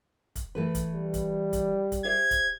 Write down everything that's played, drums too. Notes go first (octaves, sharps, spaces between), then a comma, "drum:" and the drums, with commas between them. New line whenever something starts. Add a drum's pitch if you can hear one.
drum: kick, hi-hat
E3 A3 B4
drum: kick, hi-hat
G3
drum: kick, hi-hat
drum: kick, hi-hat
drum: kick, hi-hat
G4 C5 E5 G#6
drum: kick, hi-hat